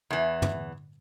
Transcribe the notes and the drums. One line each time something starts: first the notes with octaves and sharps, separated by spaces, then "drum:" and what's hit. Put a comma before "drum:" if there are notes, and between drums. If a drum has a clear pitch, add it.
E2 E3
drum: tom